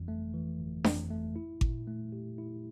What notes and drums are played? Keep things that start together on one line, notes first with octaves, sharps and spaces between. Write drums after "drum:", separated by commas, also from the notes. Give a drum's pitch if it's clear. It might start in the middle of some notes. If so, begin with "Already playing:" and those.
Already playing: G1 F2 E3
A3
E3
G1
F2, drum: snare D4
A3
E4
A#2, drum: kick G#1
A3
G4
E4